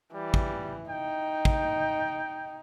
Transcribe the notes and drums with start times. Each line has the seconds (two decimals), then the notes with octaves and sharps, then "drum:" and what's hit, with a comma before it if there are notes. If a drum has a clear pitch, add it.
0.14 E3 G3
0.34 drum: kick
0.89 D#4 G5
1.45 drum: kick